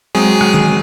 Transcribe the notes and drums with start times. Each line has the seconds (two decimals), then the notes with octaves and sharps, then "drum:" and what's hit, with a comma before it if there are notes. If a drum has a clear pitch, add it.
0.15 F#3 G#3 C4 G#4
0.41 drum: rim click
0.54 drum: tom D#3